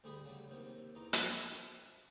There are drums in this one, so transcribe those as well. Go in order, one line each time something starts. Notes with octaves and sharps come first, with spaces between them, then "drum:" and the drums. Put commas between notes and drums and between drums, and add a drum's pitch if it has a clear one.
D2 G3 G#4 D#5 B5
C#3 F#3 G3
D#2 C3 D#3
E2 D#4 A#5 D6
F3 G#3 A#3, drum: hi-hat
A#5